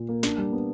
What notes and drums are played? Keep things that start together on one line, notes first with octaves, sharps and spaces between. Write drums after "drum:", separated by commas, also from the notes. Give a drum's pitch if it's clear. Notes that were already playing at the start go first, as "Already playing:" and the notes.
Already playing: A#2
A#3
D4, drum: snare
G3
B3